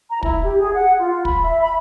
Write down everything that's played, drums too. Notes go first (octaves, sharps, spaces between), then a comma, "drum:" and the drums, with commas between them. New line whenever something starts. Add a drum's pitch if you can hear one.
A#5
E4, drum: kick
G4
G#4
F#5
F4
B5, drum: kick
E5
B5